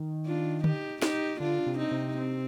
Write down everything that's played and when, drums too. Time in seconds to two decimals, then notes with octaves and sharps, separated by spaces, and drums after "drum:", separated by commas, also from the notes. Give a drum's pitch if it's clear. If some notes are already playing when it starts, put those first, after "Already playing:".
Already playing: D#3
0.26 D4 F4
0.64 D#4 G4, drum: tom D3
1.02 D#4 G4, drum: snare
1.40 D3 D4 F4
1.66 C3
1.78 C4 D#4
1.91 C3
2.17 C4